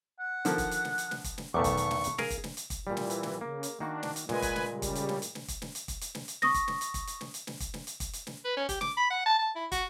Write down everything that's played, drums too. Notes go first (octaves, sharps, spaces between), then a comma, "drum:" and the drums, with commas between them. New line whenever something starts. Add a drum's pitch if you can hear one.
F#5
D3 D#3 F3, drum: hi-hat
drum: kick, hi-hat
drum: hi-hat
drum: snare
drum: hi-hat
drum: snare
drum: kick, hi-hat
drum: snare
B1 E2 D#3 A3 C#6 D6
drum: kick, hi-hat
drum: hi-hat
drum: snare
drum: hi-hat
G#4 A#4 F5, drum: snare
drum: kick, hi-hat
drum: snare
drum: hi-hat
drum: kick, hi-hat
A#2 E3 G3
drum: snare
drum: hi-hat
drum: snare
C#3 A#3
drum: hi-hat
D#3 A#3 D4 F#4
drum: snare
drum: hi-hat
A#2 G#3 B4 G#5, drum: snare
drum: kick, hi-hat
drum: snare
C#3 G3
drum: kick, hi-hat
drum: hi-hat
drum: snare
drum: hi-hat
drum: snare
drum: kick, hi-hat
drum: snare
drum: hi-hat
drum: kick, hi-hat
drum: hi-hat
drum: snare
drum: hi-hat
C#6 D#6 A#6, drum: snare
drum: kick, hi-hat
drum: snare
drum: hi-hat
drum: kick, hi-hat
drum: hi-hat
drum: snare
drum: hi-hat
drum: snare
drum: kick, hi-hat
drum: snare
drum: hi-hat
drum: kick, hi-hat
drum: hi-hat
drum: snare
B4
C#4
G4, drum: kick, hi-hat
D6, drum: snare
B5
F#5
A5
A5
E4
F#4, drum: kick, hi-hat